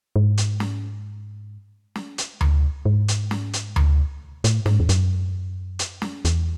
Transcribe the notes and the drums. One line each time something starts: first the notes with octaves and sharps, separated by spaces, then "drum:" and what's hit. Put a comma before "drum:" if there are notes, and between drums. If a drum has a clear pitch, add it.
G#2
drum: hi-hat
drum: snare
drum: snare
drum: hi-hat
drum: tom D2
G#2
drum: hi-hat
drum: snare
drum: hi-hat
drum: tom D2
A2, drum: hi-hat
G#2, drum: snare
E2
F#2, drum: hi-hat
drum: hi-hat
drum: snare
E2, drum: hi-hat